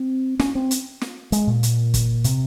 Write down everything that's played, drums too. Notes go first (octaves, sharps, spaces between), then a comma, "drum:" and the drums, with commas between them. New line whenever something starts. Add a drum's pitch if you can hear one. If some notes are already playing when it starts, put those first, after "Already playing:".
Already playing: C4
C#4, drum: snare
C4
drum: hi-hat
drum: snare
G#3, drum: hi-hat
A#2
drum: hi-hat
drum: kick, hi-hat
C3, drum: hi-hat